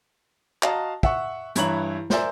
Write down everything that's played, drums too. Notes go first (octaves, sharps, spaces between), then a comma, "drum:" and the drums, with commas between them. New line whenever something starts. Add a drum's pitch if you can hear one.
F#4 D#5 F5 A5 A#5, drum: clap
E5 F#5 C#6, drum: kick
G2 E3 E4 C#5 A#5 F#7, drum: hi-hat
A#4 C5 D5 E5 G#5 A#5, drum: snare